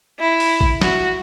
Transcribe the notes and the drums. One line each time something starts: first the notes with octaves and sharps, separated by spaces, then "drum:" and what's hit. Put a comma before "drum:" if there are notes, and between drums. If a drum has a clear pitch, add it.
E4
drum: open hi-hat
drum: kick A1
F#4, drum: snare